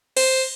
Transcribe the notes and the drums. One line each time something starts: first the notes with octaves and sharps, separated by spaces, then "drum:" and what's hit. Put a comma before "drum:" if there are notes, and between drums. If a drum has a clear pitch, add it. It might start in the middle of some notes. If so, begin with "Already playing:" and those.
C5, drum: cymbal